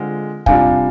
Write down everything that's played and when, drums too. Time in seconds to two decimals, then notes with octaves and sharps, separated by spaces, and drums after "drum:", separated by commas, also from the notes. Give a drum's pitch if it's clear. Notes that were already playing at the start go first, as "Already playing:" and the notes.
Already playing: D3 G#3 C4 F4
0.46 C3 G3 D4 F4 F5 G#5, drum: kick